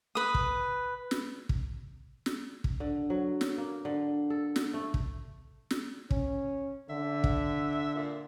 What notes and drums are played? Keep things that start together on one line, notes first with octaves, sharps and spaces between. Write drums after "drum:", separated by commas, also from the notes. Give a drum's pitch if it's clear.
B4 D#6
drum: kick
drum: snare
drum: kick
drum: snare
drum: kick
D3
F#3
drum: snare
A#3
D3
A4
drum: snare
A3
drum: kick
drum: snare
C#4, drum: kick
D3 E5
drum: kick
A#2